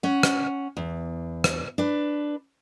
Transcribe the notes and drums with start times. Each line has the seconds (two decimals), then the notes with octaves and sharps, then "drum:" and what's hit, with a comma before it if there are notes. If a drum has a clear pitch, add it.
0.03 C#4 F#5
0.23 drum: rim click
0.77 E2
1.44 drum: rim click
1.78 D4 B4